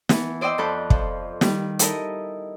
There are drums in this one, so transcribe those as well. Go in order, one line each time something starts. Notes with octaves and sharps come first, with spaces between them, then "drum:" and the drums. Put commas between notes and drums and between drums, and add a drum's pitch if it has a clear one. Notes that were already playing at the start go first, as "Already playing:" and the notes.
E3 B3, drum: snare
C5 D5 D#5 G5 D#6 E6
F2 A4 B5 F#6 G6
F3, drum: kick
D#3 G3, drum: snare
D#4 E4 A4 A#4 D#5, drum: hi-hat